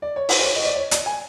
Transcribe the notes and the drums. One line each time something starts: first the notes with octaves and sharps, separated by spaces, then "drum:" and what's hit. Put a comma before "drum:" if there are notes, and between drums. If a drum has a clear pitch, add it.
D5
C#5
C5, drum: open hi-hat
C5
C#5
D#5
D5
C#5
D5, drum: hi-hat
G#5